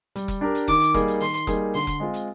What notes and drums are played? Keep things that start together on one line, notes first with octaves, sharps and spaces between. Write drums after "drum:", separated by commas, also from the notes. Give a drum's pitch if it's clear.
G3, drum: hi-hat
drum: kick F1, hi-hat
D4 G4 A#4
drum: hi-hat
D#3 D6, drum: kick F1
drum: hi-hat
G3 A#3 D#4 G#4, drum: kick F1, hi-hat
drum: hi-hat
D#3 C6, drum: hi-hat
drum: hi-hat
G3 A#3 D#4 G#4, drum: kick F1, hi-hat
D3 C6
drum: kick F1, hi-hat
G#3 C4 F4
drum: hi-hat